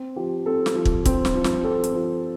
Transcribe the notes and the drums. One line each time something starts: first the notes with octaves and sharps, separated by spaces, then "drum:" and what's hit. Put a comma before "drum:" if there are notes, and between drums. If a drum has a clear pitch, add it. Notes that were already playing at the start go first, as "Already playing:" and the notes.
Already playing: C4
F3 G4
C4 A4
drum: snare
F3
drum: kick
C4, drum: kick, hi-hat
drum: snare
F3
drum: snare
C4 A4
drum: hi-hat
F3